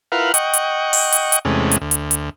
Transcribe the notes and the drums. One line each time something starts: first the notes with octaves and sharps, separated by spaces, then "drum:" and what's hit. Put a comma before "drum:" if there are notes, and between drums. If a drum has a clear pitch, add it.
E4 F4 A#4 B4 F5 F#5
D#5 F#5 G5 C#6, drum: hi-hat
drum: hi-hat
drum: open hi-hat
drum: hi-hat
drum: hi-hat
E2 C3 G#3 A3 C#4
drum: hi-hat
D2
drum: hi-hat
drum: hi-hat